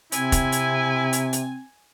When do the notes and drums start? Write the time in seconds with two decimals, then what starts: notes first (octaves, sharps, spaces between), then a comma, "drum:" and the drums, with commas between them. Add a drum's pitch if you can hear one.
0.12 C3 C4 E4 G#5, drum: hi-hat
0.32 drum: kick, hi-hat
0.52 drum: hi-hat
1.13 drum: hi-hat
1.33 drum: hi-hat